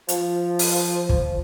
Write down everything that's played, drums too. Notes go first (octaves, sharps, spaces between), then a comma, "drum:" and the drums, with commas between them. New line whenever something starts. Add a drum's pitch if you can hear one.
F3, drum: hi-hat
drum: open hi-hat
drum: kick